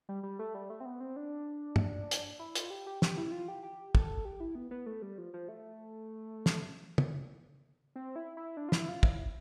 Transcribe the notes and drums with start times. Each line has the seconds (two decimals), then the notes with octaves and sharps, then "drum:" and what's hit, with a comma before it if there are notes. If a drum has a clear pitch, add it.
0.09 G3
0.23 G3
0.39 A3
0.54 G3
0.70 A3
0.80 C4
0.86 B3
1.00 C4
1.16 D4
1.76 drum: tom
2.11 drum: hi-hat
2.39 E4
2.55 F4, drum: hi-hat
2.70 G4
2.86 G4
3.02 G4, drum: snare
3.17 E4
3.32 F4
3.48 G4
3.63 G4
3.95 A4, drum: kick
4.25 G4
4.40 E4
4.55 B3
4.71 B3
4.86 A3
5.02 G3
5.18 F3
5.34 F3
5.49 A3
6.46 drum: snare
6.98 drum: tom
7.96 C4
8.16 E4
8.37 E4
8.57 D4
8.69 F4
8.72 E4, drum: snare
8.88 F4
9.03 E4, drum: kick